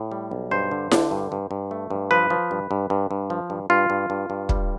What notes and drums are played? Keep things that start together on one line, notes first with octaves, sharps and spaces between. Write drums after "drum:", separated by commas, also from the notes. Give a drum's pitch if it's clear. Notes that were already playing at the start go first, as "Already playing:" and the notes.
Already playing: A2
G3
B1
G2 C5
D3
D3, drum: snare E4
G2
G2
G2
A3
G2
F3 B4
F3
G2
G2
G2
G2
F3
G2
G2 F4
G2
G2
G2
G3, drum: kick